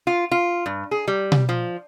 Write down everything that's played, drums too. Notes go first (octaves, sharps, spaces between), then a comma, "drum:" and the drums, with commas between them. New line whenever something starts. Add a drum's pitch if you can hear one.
F4
F4
G2
G#4
G3
drum: tom B2
F3